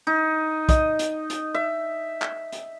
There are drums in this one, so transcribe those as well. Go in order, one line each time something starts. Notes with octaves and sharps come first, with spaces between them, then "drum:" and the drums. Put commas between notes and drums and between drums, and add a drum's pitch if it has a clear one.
D#4
D#5, drum: kick B1, hi-hat
drum: hi-hat
drum: hi-hat
E5
drum: clap
drum: hi-hat